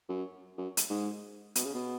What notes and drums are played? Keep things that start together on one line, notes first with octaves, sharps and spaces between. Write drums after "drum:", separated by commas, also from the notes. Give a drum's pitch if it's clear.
F#2
F#2
drum: hi-hat
G#2
B2, drum: hi-hat
C#3
B2